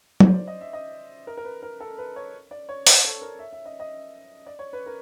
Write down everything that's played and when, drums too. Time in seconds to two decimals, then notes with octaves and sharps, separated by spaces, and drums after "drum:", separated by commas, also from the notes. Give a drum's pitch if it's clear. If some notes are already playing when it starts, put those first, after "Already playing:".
0.20 C5, drum: tom F#3
0.34 D5
0.47 D#5
0.61 E5
0.73 D#5
1.27 A#4
1.37 A#4
1.45 B4
1.63 A#4
1.80 A4
1.98 B4
2.16 C#5
2.51 D5
2.69 C#5
2.87 C5, drum: open hi-hat
3.05 A4
3.22 A#4
3.39 E5
3.53 E5
3.66 D#5
3.80 D#5
4.46 D5
4.59 C#5
4.73 B4
4.86 A#4